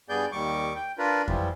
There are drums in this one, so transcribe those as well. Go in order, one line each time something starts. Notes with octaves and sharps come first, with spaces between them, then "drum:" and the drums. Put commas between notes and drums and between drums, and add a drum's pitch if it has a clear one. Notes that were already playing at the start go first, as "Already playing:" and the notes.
G2 B3 G#4 D5 G6
D#2 G3 C#6 D6
G5
D4 F4 A#4 B4
E3 F3 G3, drum: kick F2